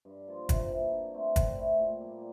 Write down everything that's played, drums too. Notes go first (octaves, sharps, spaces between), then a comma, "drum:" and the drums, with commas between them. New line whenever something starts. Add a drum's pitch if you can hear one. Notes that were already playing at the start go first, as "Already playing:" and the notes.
G2
F3 A#3 F4
C3, drum: kick, hi-hat
E3 A#3
D3
A3 C4
D3, drum: kick, hi-hat
A3 E4
A#2
G3 A#3